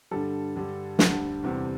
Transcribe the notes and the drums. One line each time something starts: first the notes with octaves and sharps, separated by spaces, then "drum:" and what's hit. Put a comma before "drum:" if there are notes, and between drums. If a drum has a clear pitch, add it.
G2 D3 G3 A4
G2 D3 G3
D2 D3 G3, drum: snare
E2 C3 G3